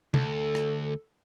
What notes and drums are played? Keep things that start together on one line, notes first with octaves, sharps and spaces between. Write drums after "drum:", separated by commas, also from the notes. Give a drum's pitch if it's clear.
D2 A4, drum: tom
drum: rim click